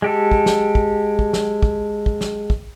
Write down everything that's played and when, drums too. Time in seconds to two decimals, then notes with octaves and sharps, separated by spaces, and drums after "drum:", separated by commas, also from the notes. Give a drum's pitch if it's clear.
0.02 G#3 G4 A4
0.31 drum: kick
0.46 drum: snare
0.75 drum: kick
1.19 drum: kick
1.33 drum: snare
1.62 drum: kick
2.06 drum: kick
2.21 drum: snare
2.50 drum: kick